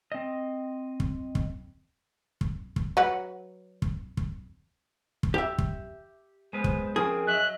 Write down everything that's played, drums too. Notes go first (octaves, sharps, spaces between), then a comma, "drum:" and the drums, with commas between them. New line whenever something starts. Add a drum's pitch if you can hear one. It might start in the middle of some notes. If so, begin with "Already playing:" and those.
C4 D#5
drum: kick
drum: kick
drum: kick
drum: kick
F#3 B4 F#5
drum: kick
drum: kick
drum: kick
G4 E5
drum: kick
G#3 B3 B4 C5
drum: kick
F3 C4 C#4 G#4 A#4
F#3 D#5 E5 F#6